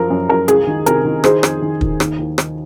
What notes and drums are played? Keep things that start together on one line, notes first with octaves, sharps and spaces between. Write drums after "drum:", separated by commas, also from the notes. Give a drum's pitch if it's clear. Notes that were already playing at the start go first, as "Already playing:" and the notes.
Already playing: F#2 F3 A#4
F#2
F#2 A#4
C#2 G#4, drum: hi-hat
D#3
C3 A#4, drum: hi-hat
D#3
D#3 G#4 C5, drum: rim click
F2, drum: rim click
D#3
D#3, drum: kick
D#2, drum: rim click
D#2
D#3, drum: rim click